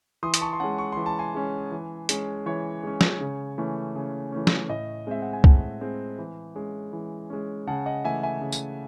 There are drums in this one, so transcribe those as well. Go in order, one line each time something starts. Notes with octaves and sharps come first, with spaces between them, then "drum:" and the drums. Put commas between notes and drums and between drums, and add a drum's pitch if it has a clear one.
E3 C6 D#6
D#6, drum: hi-hat
A5 C#6
C6
G#3 C#4 F#5 A5
C#6
E3 C6
A5
G#5 C6
G#3 C#4
E3
G#3 C#4, drum: hi-hat
E3 C#5
G#3 C#4
drum: snare
C#3
E3 A3 C#4
C#3
E3 A3 C#4
drum: snare
A2 D#5
G#3 C4 E5
F#5
G#5
A2 F#5 A5, drum: kick
G#3 C4
E3
G#3 C#4
E3
G#3 C#4
C#3 F#5 A5
D#5 F#5
E3 A3 E5 G#5
E5 G#5
C#3
drum: tambourine